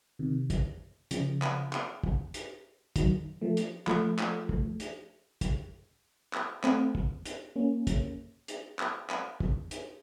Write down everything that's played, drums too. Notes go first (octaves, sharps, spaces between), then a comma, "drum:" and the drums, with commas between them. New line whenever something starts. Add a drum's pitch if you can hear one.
C3 D#3
drum: kick, hi-hat
C#3 F3, drum: hi-hat
drum: clap
drum: clap
drum: kick
drum: hi-hat
D#3 F#3, drum: kick, hi-hat
F3 A3
drum: hi-hat
F3 A3, drum: clap
drum: clap
drum: kick
drum: hi-hat
drum: kick, hi-hat
drum: clap
A3 C4, drum: clap
drum: kick
drum: hi-hat
A#3 C#4
drum: kick, hi-hat
drum: hi-hat
drum: clap
drum: clap
drum: kick
drum: hi-hat